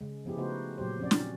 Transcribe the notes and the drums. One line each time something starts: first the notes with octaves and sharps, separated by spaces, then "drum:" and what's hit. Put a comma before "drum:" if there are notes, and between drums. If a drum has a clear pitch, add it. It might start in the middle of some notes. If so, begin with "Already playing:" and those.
C#3 G#3
F3 B3 E4 G4 G#4
C#3 A3 B3 D#4 F#4 C5
A#2 F#3 G4 C5
F3 C4 C#4 F#4 D5
drum: snare